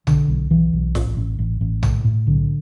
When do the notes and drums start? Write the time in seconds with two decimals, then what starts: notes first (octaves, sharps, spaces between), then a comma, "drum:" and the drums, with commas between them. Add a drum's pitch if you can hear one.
0.07 B2 D3, drum: tom A#1
0.28 B1
0.50 B1 E3
0.73 B1
0.95 A1, drum: snare
1.17 A1
1.39 A1
1.61 A1
1.83 A2, drum: tom A#1
2.05 A2
2.27 B1 D3